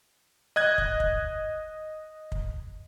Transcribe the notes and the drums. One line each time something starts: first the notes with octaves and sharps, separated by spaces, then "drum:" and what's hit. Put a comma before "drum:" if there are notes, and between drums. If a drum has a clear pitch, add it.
D#5 F#6 G#6
drum: kick
drum: kick
drum: kick